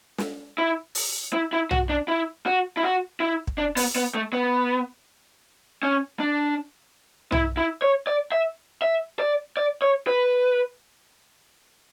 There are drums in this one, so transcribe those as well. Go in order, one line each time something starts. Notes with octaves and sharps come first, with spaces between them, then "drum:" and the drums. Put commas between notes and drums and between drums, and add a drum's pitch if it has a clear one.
drum: snare
E4
drum: open hi-hat
E4
E4
F#4, drum: tom B1
D4
E4
F#4
E4
F#4
E4
drum: kick
D4
B3, drum: open hi-hat
B3
A3
B3
C#4
D4
E4, drum: tom B1
E4
C#5
D5
E5
E5
D5
D5
C#5
B4